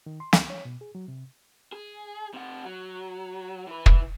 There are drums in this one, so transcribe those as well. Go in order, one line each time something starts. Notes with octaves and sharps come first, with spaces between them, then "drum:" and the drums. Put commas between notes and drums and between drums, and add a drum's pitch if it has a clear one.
D#3
C6
C#2, drum: snare
C#5
B2
G#4
F#3
C3
G#4
C3 F#5
F#3
E3 B4
drum: kick